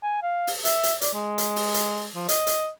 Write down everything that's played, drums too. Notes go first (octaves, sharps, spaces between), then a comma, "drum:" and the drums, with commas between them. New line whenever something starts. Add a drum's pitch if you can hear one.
G#5
F5
drum: open hi-hat
E5, drum: hi-hat
drum: hi-hat
D5, drum: hi-hat
G#3
drum: hi-hat
drum: open hi-hat
drum: hi-hat
F3
D#5, drum: hi-hat
drum: hi-hat